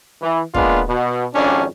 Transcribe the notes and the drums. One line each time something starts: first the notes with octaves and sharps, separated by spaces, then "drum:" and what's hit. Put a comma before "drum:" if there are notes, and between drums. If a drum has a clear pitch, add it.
E3
G#3 A#3 B3 D4 F4, drum: kick
B2
G#1 F2 C#4 D4